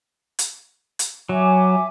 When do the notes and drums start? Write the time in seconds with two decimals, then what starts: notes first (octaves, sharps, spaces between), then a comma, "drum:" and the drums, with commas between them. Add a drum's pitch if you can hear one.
0.39 drum: hi-hat
0.99 drum: hi-hat
1.29 F#3 E5 G#5 D6